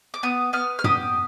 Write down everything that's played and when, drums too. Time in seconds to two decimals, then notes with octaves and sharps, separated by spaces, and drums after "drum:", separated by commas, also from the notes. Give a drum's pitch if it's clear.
0.14 D6
0.23 B3 D#6
0.53 B3 F6
0.79 F6
0.84 G4 D#6, drum: tom